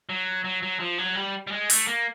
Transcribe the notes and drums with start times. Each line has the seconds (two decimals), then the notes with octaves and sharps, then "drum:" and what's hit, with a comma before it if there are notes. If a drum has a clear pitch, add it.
0.09 F#3
0.44 F#3
0.63 F#3
0.80 F3
0.98 F#3
1.15 G3
1.47 G3
1.52 G#3
1.70 A3, drum: open hi-hat
1.87 A#3